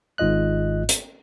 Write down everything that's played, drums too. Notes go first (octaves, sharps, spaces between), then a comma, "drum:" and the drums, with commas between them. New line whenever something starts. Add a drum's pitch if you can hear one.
G#1 G#2 F4 D#5 F#6
drum: hi-hat